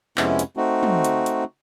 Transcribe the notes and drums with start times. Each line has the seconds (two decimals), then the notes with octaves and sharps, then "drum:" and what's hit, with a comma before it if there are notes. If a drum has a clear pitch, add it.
0.17 F2 C3 G#3 B3 C#4 E4, drum: clap
0.39 drum: hi-hat
0.57 A3 C4 D#4 F#4
0.83 drum: tom
1.04 drum: hi-hat
1.26 drum: hi-hat